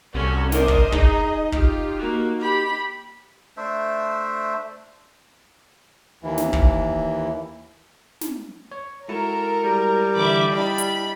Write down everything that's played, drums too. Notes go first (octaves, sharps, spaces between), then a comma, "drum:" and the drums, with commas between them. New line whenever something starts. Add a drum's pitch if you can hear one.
C2 C#4 F#4 A4
D4 A#4 C5 D#5, drum: snare
drum: kick
D#4 G#4, drum: kick
F4 G4, drum: kick
A#3 F#4
G4 B5
A3 D4 C5 E5
D#2 E3
drum: snare
drum: kick
drum: snare
C#5
G#3 E4 F#4 A4 A#4
G3
D3 E3 E5 B5 D6
D4 E4 D#5 G5 B5
drum: hi-hat